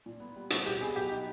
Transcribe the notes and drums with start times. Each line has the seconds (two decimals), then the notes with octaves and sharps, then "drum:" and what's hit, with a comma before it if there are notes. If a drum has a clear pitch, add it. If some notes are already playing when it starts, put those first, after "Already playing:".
0.06 A#2
0.20 B3
0.36 G3
0.50 A#2 F#4, drum: hi-hat
0.66 B2 G4
0.81 B3 G#4
0.96 F#3 G4
1.10 D#4